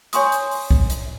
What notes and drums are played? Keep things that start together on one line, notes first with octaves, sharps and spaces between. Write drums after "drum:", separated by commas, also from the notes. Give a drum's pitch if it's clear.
C#5 G#5 C6 C#6 D#6, drum: hi-hat
drum: hi-hat
drum: open hi-hat
drum: kick B1
drum: hi-hat